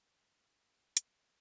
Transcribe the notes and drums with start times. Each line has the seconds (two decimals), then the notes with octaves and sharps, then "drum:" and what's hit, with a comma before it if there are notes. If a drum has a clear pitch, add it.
0.16 B3 D4 D5 D#5 F#5
0.97 drum: hi-hat